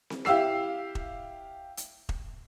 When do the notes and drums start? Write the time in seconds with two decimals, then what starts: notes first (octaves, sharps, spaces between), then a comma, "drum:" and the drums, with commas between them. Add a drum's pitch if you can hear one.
0.10 drum: snare
0.25 E4 G4 F5 E6 C7, drum: snare
0.95 drum: kick E1
1.77 drum: hi-hat
2.09 drum: kick E1